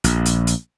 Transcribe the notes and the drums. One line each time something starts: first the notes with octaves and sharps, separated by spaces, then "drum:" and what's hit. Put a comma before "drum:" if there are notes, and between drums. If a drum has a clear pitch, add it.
A#1, drum: hi-hat
drum: hi-hat
drum: hi-hat